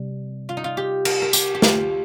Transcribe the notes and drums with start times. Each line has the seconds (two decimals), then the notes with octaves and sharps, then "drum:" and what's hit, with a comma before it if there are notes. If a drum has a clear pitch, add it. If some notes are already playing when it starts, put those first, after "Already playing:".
Already playing: C3 G3
0.49 F4
0.57 D#4
0.64 F4
0.77 G4
1.05 A#4, drum: cymbal
1.22 A#4
1.33 G4, drum: tambourine
1.55 G4
1.62 F4, drum: snare